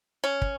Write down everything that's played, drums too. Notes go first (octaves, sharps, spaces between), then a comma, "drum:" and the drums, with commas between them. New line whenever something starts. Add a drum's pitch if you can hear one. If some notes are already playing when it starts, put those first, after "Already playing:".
C#4
drum: kick